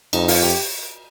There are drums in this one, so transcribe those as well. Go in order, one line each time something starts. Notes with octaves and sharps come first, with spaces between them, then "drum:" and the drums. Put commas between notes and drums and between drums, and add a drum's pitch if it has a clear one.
F2 D#4, drum: cymbal
F4, drum: open hi-hat
G4